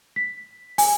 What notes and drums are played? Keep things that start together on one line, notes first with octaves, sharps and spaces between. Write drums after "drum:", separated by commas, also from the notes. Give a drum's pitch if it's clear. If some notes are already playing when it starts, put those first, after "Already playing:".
B6
G#5, drum: open hi-hat